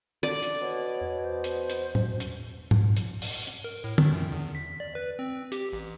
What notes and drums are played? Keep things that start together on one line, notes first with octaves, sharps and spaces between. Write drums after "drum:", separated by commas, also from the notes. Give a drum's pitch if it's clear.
D3 D5
drum: hi-hat
B2 C#5
E2
C5
drum: hi-hat
drum: hi-hat
drum: tom A2
drum: hi-hat
drum: tom G#2
drum: hi-hat
drum: open hi-hat
drum: hi-hat
A#4
A2
D#3, drum: tom
F#2
E2
B6
D5
B4
C4
G4, drum: hi-hat
A1